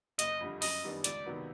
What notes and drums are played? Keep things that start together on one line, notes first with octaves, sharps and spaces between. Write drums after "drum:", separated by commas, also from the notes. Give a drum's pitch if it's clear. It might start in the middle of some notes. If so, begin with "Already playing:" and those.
F#1 D#5, drum: hi-hat
F2 D3 G3
F#2 D#5, drum: open hi-hat
D#3 G3 B3 D4
C#2 D5, drum: hi-hat
C3 D#3 F#3 B3